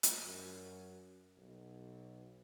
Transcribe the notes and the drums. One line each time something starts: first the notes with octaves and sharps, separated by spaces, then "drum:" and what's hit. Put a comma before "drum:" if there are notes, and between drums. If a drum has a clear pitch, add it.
drum: hi-hat
F#2
B1